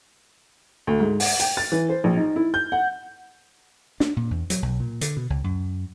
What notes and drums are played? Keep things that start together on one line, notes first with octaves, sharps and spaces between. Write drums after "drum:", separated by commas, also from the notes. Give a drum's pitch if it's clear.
D2
G#2
F#5, drum: open hi-hat
G5, drum: hi-hat
A6
E3
C5
A#1
D#4
E4
G6
F#5
D4, drum: snare
A#2
E2
F#3, drum: hi-hat
B1
A#2
D3, drum: hi-hat
B2
C#2
F#2